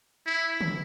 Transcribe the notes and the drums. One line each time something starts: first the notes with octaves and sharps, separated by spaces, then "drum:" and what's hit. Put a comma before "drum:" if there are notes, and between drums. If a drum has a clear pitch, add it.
E4
drum: tom